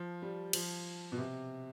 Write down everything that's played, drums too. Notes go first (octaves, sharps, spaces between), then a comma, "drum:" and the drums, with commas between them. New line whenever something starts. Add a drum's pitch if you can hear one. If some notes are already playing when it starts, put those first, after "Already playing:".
Already playing: F3
G3
F3, drum: cymbal
B2
C3